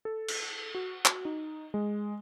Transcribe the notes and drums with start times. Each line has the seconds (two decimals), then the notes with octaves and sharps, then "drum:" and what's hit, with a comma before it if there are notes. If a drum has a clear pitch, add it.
0.05 A4
0.28 drum: cymbal
0.75 F#4
1.05 drum: clap
1.25 D#4
1.74 G#3